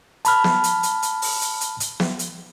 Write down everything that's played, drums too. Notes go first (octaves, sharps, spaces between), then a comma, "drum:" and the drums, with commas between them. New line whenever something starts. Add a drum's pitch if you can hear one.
A5 B5 F6, drum: hi-hat
drum: snare
drum: hi-hat
drum: hi-hat
drum: hi-hat
drum: open hi-hat
drum: hi-hat
drum: hi-hat
drum: hi-hat
drum: snare
drum: hi-hat